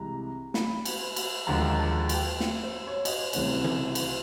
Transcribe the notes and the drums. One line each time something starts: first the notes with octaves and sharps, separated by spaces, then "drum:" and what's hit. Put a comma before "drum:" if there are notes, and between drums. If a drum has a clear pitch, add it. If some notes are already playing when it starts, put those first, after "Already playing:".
Already playing: C2 C3 E3 G#3 A#5
B5, drum: snare
drum: cymbal
drum: cymbal
D#2 D3 F3 G#3 A#5
A5
G5, drum: cymbal
drum: snare
C5
C#5
D#5, drum: cymbal
D5
C2 C3 E3 A3 C#4 C#5, drum: cymbal
drum: tom
drum: cymbal